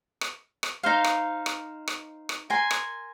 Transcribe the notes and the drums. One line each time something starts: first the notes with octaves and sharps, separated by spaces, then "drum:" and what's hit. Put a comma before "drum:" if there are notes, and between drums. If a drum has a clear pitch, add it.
drum: rim click
drum: rim click
D#4 C5 F5
drum: rim click
drum: rim click
drum: rim click
drum: rim click
A#4 G#5 C6
drum: rim click